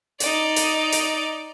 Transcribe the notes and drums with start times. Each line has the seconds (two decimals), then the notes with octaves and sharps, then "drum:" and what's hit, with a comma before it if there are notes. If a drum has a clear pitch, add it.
0.20 D#4 D5, drum: hi-hat
0.56 drum: hi-hat
0.92 drum: hi-hat